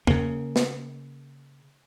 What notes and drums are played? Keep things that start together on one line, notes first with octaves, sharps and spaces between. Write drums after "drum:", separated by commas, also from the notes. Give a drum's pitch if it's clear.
C#3 A#3, drum: tom
drum: snare